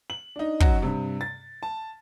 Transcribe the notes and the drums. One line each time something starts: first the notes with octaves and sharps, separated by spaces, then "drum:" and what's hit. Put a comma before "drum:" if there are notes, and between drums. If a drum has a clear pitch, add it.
F#7
D4 D#4
F#2 F#3 D#4 F#4, drum: kick
G2 C3
A6
A5